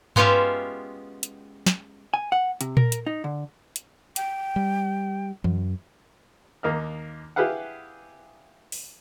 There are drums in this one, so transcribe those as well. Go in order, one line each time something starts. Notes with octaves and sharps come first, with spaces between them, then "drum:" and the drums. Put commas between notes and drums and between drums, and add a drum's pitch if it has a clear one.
G#3 B3 C#4 F4 G4 E5, drum: tom G2
drum: hi-hat
drum: snare
G#5
F#5
C3, drum: hi-hat
A#4, drum: tom A#2
drum: hi-hat
D#4
D3
drum: hi-hat
G5, drum: hi-hat
G3
F#2, drum: tom E3
D#2 A#3 D#4 F6
E4 G4 G#4 B4 F5 F#5
drum: open hi-hat